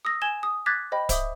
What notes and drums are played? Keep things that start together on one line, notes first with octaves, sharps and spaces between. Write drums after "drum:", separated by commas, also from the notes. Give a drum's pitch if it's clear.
D#6 E6 A#6
G#5 G#6 E7 G7
D#6
D6 F#6 G#6 A6 B6
C5 D#5 G5 B5
C5 E5 D6 D#6, drum: kick D1, hi-hat